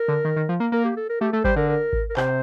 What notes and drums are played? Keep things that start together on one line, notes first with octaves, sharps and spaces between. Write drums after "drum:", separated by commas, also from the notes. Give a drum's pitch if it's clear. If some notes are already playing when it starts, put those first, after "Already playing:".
Already playing: A#4
D3
D#3
D#3
F3
A#3
A#3 A#4
G4
A4
A#4
A3 G4
A3 A4
G3 C5, drum: kick G#1
D3 A#4
A#4
drum: kick G#1
A#4
C3 C5, drum: clap